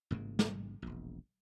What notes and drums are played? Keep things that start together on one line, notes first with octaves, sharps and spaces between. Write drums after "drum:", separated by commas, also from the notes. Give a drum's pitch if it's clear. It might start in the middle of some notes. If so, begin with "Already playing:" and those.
A1 G#2 C#3 A#3
drum: snare
E1 A#1